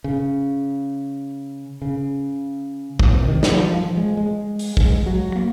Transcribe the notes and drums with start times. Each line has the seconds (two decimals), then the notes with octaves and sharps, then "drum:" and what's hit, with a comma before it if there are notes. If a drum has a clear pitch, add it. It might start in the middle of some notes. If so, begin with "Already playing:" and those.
0.04 C#3
1.82 C#3
3.00 A#2, drum: kick
3.14 C3
3.28 D#3
3.43 F#3, drum: snare
3.58 F3
3.77 F3
3.97 G#3
4.17 G#3
4.59 drum: open hi-hat
4.77 G#3, drum: kick
5.06 F#3
5.36 A#3